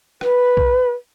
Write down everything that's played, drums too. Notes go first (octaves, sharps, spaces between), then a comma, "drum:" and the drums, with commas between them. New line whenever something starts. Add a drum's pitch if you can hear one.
B4, drum: rim click
drum: kick B1